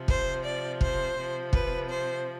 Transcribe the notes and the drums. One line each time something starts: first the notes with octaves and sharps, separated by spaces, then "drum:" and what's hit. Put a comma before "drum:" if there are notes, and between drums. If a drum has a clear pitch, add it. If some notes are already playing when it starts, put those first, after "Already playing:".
Already playing: C3 F3
C5, drum: kick
D5
C5, drum: kick
C3 F3
B4, drum: kick
C5